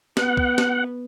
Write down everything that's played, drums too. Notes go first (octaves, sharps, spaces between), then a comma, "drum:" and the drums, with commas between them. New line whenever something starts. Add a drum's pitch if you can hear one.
B3 F#5, drum: snare
drum: kick
drum: snare